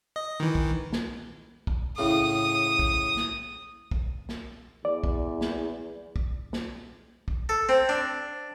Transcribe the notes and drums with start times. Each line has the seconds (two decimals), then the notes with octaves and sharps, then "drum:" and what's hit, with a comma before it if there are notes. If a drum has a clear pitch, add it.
0.16 D#5
0.40 D#3 E3
0.55 drum: kick B1
0.92 drum: snare
1.67 drum: kick B1
1.98 A2 C#3 D#6
2.79 drum: kick B1
3.17 drum: snare
3.91 drum: kick B1
4.29 drum: snare
4.85 E2 D5
5.04 drum: kick B1
5.41 drum: snare
6.16 drum: kick B1
6.53 drum: snare
7.28 drum: kick B1
7.49 A4
7.69 C4
7.89 D4